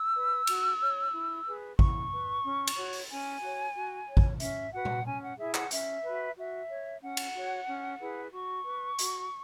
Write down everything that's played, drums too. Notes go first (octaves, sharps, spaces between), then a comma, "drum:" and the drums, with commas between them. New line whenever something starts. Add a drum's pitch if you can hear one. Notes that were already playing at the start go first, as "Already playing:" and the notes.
Already playing: E6
B4
F#4, drum: cymbal
C#5
E4
G#4 B4
E4 C#6, drum: kick
B4
C#4
drum: cymbal
F#4 C#5
drum: open hi-hat
C#4 G#5
F#4 C#5
F#4
C#5
drum: kick
C#4 E5, drum: hi-hat
F#4 B4 F#5
drum: tom A#2
C#4 G#5
F#5
E4 G#4 E5
F#5, drum: clap
C#4 E5, drum: hi-hat
F#4 B4
F#4 E5
C#5
C#4 F#5
drum: cymbal
F#4 C#5
C#4
E4 G#4 B4
F#4 C#6
B4
F#4, drum: hi-hat